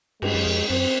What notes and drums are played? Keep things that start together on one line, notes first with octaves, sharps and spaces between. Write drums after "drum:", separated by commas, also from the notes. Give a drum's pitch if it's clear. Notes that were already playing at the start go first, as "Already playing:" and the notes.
G2 G#3, drum: cymbal
F#2
F2
F#2 C4